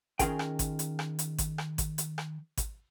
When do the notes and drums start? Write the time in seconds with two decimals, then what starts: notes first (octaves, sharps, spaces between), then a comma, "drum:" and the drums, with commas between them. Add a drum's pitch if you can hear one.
0.19 D#3 C#4 F4 G#4 A#4 G5, drum: kick G#1, hi-hat
0.39 drum: rim click
0.59 drum: kick G#1, hi-hat
0.79 drum: hi-hat
0.99 drum: rim click
1.19 drum: hi-hat
1.38 drum: kick G#1, hi-hat
1.58 drum: rim click
1.78 drum: kick G#1, hi-hat
1.98 drum: hi-hat
2.18 drum: rim click
2.57 drum: kick G#1, hi-hat